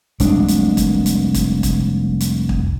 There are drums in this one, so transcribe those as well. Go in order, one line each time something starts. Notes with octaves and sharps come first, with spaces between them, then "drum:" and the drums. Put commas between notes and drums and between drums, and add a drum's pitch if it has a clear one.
F1 C2 G#3 D4, drum: hi-hat
drum: hi-hat
drum: kick, hi-hat
drum: hi-hat
drum: kick, hi-hat
drum: kick, hi-hat
drum: hi-hat
drum: kick